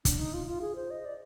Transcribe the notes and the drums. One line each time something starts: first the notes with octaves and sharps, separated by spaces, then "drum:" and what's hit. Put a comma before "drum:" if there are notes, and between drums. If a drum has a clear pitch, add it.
D4, drum: kick, hi-hat
D#4
F4
F4
G#4
C5
D#5
D5